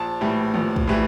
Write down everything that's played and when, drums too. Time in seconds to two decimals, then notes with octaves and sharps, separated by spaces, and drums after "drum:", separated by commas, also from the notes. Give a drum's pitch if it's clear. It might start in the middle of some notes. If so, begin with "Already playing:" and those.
Already playing: A#1 A5
0.21 A2 E3 G3
0.54 A#1, drum: tom D#3
0.76 drum: kick
0.87 A2 E3 G3